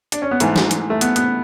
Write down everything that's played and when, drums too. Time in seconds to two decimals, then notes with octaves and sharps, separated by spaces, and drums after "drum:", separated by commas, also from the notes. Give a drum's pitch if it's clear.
0.12 D4, drum: hi-hat
0.22 C#4
0.31 B3
0.40 G#2 E3 A3, drum: hi-hat
0.56 drum: snare
0.71 drum: hi-hat
0.90 A3
1.01 B3, drum: hi-hat
1.16 B3, drum: hi-hat